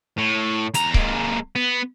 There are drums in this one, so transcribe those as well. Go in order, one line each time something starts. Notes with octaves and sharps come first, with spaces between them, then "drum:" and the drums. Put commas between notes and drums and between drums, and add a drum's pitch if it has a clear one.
A2
E2 A#5, drum: hi-hat
G#3 A#3, drum: kick C#1
B3